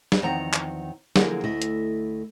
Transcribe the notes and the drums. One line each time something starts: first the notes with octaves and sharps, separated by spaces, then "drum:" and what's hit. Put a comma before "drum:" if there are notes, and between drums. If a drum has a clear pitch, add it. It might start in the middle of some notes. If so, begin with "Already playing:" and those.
drum: snare
E2 D#3 F3 C4 F#5 A#5
drum: clap
D3 F3 F#3 A#3 E4 G#4, drum: snare
D2 A3 E4 D#5
drum: hi-hat